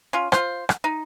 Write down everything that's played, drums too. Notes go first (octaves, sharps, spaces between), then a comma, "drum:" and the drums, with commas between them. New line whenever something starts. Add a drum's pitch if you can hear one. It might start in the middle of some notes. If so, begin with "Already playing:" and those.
C#4 F4
F4 C5, drum: rim click
drum: rim click
D#4